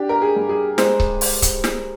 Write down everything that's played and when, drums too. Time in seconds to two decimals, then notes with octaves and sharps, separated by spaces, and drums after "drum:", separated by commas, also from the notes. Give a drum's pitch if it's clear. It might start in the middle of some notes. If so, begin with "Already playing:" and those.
Already playing: D4 G4
0.09 A#4
0.22 G#4
0.36 G2
0.49 G#4
0.78 G#3 C5, drum: snare
1.00 drum: kick C#1
1.21 drum: open hi-hat
1.42 drum: kick C#1, hi-hat
1.64 drum: snare